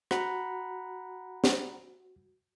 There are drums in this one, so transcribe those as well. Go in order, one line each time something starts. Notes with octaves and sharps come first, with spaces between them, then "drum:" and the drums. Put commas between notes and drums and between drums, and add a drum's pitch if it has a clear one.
F#4 F#5 A#5 B5, drum: rim click
drum: snare